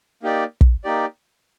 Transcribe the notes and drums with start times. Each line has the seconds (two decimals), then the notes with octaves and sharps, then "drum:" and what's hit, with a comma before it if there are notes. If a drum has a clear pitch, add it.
0.23 A#3 D#4 G4 D5
0.61 drum: kick
0.84 A#3 D#4 G4 D5